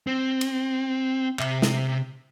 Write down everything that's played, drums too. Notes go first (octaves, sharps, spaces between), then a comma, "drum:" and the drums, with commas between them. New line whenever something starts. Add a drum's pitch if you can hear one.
C4
drum: cymbal
C3 E5, drum: clap
drum: snare